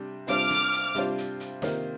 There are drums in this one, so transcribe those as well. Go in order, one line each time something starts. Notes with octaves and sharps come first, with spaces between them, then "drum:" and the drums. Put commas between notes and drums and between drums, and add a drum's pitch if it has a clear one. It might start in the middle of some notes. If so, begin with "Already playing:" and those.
Already playing: C3 G3 D4
C3 G3 D4 F4 C5 D6 F6, drum: hi-hat
drum: snare
drum: hi-hat
C3 G3 D4 F4 C5, drum: hi-hat
drum: hi-hat
drum: hi-hat
C3 D#3 A#3 F4 C5, drum: snare